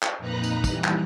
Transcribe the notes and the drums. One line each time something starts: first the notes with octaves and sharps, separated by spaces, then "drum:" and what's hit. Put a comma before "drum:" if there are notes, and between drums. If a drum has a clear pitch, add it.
drum: clap
F2 A#2 D#4 B4 A#5 F#6
drum: tambourine
E3 G3, drum: kick, tambourine
drum: clap